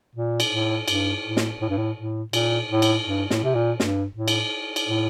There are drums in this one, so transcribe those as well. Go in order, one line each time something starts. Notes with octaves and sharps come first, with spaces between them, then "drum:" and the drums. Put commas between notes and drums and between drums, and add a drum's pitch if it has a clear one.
A#2
drum: cymbal
A2
G2, drum: cymbal
A2
drum: snare
A2
G2
A2
A2
A#2, drum: cymbal
A2
drum: cymbal
G2
A2, drum: snare
C3
A#2
G2, drum: snare
A2
drum: cymbal
drum: cymbal
A2